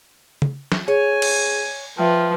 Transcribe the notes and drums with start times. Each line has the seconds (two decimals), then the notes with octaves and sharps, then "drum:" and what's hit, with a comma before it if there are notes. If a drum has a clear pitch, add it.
0.42 drum: tom C#3
0.72 drum: snare
0.88 G#4 C#5 G#5
1.22 drum: cymbal
1.98 F3 B4 E5 G5